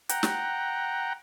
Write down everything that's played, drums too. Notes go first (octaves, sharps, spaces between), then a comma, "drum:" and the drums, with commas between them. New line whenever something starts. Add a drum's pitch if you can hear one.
F#5 G5 A#5, drum: hi-hat
drum: snare